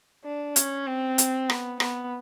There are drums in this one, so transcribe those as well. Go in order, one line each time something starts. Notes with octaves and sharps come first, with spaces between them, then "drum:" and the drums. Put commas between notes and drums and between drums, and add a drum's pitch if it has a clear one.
D4
C#4, drum: hi-hat
C4
drum: hi-hat
B3, drum: rim click
B3, drum: rim click